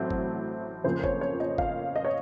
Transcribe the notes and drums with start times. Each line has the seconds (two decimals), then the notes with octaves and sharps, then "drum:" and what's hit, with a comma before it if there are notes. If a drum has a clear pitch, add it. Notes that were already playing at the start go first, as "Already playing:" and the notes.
Already playing: A1 A2 F#3 A3 C4
0.11 drum: kick
0.84 F2 C#3 F3 A#3 C5
1.04 C#5, drum: kick
1.21 C#5
1.40 D#5
1.58 F5, drum: kick
1.96 D#5
2.05 C#5